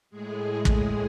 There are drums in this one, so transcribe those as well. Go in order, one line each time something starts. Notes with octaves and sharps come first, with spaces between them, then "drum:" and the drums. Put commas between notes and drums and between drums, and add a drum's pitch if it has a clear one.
A2 G#3 G#4
drum: kick